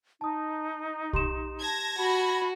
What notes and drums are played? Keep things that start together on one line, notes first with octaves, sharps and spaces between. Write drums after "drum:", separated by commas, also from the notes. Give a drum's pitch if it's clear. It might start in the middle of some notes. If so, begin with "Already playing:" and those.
D#4 A5 D#6
G4 C6 E7, drum: kick
A5 G#6 A#6
F#4 B5